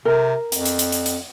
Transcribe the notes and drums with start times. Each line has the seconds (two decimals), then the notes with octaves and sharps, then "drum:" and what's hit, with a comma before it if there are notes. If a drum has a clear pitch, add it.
0.05 C3 A#4
0.52 F2, drum: hi-hat
0.66 drum: hi-hat
0.79 drum: hi-hat
0.92 drum: hi-hat
1.06 drum: hi-hat